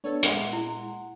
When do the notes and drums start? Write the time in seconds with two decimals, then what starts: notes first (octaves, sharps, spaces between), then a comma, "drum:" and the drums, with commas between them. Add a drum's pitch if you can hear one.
0.04 B3 D4 A4 C#5
0.23 A#2 G#3 F#5 C6, drum: hi-hat
0.53 E4